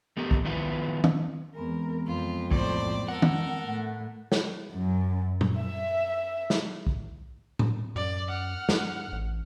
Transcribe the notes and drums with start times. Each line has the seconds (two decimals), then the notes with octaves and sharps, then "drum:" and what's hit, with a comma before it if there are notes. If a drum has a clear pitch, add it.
0.17 A3 B3 G4 A#4
0.31 drum: kick B1
0.44 D#3 F3 B3 E4 F4 B4
1.04 drum: tom D#3
1.55 E2 G#3 B3 C4 A#4
2.07 F2 F4
2.51 A2 C5 D5, drum: kick B1
3.08 A4 A#4 F#5
3.22 drum: tom D#3
3.62 A2 A3
4.32 drum: snare
4.72 F#2
5.41 drum: tom A#2
5.59 E5
6.50 drum: snare
6.87 drum: kick B1
7.59 drum: tom A2
7.96 F#2 D5
8.29 F#5 F6
8.69 G2, drum: snare
9.12 A1